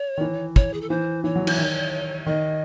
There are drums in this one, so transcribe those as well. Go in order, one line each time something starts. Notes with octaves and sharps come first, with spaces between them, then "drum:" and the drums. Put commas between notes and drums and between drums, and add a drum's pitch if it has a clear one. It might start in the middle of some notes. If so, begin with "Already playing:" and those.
Already playing: C#5
D#3
E3
C#5, drum: kick
G#4
A4
E3 C5
E3 C#5
F#3
E3, drum: cymbal
D#3
D#3 D#5